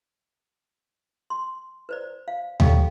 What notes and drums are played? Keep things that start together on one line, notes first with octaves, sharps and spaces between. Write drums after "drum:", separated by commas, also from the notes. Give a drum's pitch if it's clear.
C6
B4 C5 D5
F5
G4 A4 D5 D#5 F5 G5, drum: tom D#2